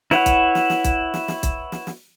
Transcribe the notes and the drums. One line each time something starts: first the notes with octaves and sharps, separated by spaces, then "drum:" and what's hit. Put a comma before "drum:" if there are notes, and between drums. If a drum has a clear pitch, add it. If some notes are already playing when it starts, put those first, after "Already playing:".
E4 B4 C#5 F#5, drum: snare
drum: kick, hi-hat
drum: snare
drum: snare
drum: kick, hi-hat
drum: snare
drum: snare
drum: kick, hi-hat
drum: snare
drum: snare